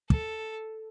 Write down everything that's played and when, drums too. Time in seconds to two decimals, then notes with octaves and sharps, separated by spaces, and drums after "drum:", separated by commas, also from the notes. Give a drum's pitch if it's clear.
0.10 A4, drum: kick